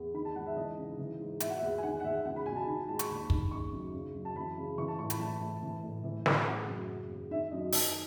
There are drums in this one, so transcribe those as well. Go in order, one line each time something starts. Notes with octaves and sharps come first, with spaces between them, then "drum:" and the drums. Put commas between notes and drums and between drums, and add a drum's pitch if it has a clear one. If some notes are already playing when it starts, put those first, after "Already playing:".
Already playing: E2
D#3 B5
A5
G#2 F#5
E5
E3 D#5
C#3
E3
G#2
B2 E5, drum: hi-hat
F#5
E5
E2
G#5
D#3 F#5
F#5
E2 E5
C#2 F#5
B5
B2 G#5
A5
D#3 B5
G#2 A5
C#6, drum: hi-hat
D#2 B5
D#3, drum: kick
C#3 C#6
F#2
C#3
F#2
A5
E3 B5
C#3
E3 C#6
A5
A2 C#6
B5, drum: hi-hat
E3 A5
A2
E3
A2
E3
A2, drum: snare
C#3 F#5
F#2
C#3
E2
D#3 E5
F#2 D#5
D#3 D#5, drum: open hi-hat